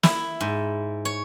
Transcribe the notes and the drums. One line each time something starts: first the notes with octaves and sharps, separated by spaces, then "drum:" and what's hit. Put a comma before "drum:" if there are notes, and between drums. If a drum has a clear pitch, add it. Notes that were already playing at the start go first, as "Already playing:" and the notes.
E4, drum: snare
G#2
C#5